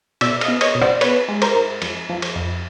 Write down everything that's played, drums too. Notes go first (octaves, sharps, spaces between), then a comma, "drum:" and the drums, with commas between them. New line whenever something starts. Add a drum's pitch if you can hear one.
B2 D5 E5, drum: cymbal
D#5 F5, drum: cymbal
B3
C#5 D#5, drum: cymbal
B2
C5 D5, drum: rim click
B3 B4 C#5, drum: cymbal
G#3
A#4 C5, drum: cymbal
G#2
F2, drum: cymbal
F3
drum: cymbal
F2